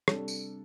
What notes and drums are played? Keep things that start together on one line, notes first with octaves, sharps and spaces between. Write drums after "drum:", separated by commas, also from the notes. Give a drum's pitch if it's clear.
C3 G3 D4 A4, drum: rim click
drum: tambourine